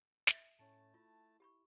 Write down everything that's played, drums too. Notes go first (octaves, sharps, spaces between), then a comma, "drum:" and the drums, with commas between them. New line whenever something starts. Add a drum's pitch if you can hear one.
D#5 E5, drum: snare
A2 A3 C#4 C#5 A5
E4 F4
G4 B5 C#6